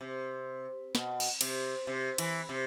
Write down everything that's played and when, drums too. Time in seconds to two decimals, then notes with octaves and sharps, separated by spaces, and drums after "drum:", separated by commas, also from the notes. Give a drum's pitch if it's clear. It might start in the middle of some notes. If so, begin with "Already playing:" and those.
0.01 C3
0.95 B2, drum: snare
1.20 drum: cymbal
1.41 C3, drum: cymbal
1.87 C3
2.18 E3, drum: cymbal
2.49 C3